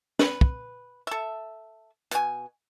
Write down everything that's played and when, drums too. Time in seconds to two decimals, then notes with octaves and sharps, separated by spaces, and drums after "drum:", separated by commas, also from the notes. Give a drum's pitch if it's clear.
0.19 B4, drum: snare
0.41 drum: kick
1.07 A4 E5
2.11 B2 G#5, drum: hi-hat